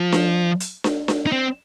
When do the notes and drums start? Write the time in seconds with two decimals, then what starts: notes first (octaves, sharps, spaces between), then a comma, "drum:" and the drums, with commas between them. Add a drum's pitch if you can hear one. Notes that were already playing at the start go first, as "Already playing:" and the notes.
Already playing: F3
0.12 drum: snare D4
0.60 drum: hi-hat
0.84 drum: snare D4
1.08 drum: snare D4
1.27 D#4
1.32 C4